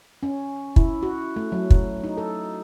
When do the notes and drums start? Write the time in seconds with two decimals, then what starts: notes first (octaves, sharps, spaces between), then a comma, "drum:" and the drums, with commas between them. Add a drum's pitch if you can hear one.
0.23 C#4
0.76 E4, drum: kick
1.03 F#4
1.36 A3
1.52 F#3
1.70 drum: kick
2.04 D#4
2.17 A4